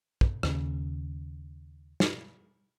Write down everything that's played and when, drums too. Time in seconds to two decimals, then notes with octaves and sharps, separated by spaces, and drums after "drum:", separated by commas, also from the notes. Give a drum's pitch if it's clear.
0.21 drum: kick
0.43 D#2 C#3, drum: rim click
2.00 drum: snare